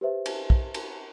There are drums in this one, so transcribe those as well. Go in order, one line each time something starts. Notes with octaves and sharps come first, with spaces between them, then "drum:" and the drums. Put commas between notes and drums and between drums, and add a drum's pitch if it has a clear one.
G4 B4 C5 E5
drum: cymbal
drum: kick
drum: cymbal